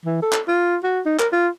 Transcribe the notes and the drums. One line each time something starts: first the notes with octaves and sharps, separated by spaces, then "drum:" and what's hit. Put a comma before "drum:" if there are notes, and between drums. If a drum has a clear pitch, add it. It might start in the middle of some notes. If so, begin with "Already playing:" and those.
E3
A4
drum: clap
F4
F#4
D#4
A#4, drum: clap
F4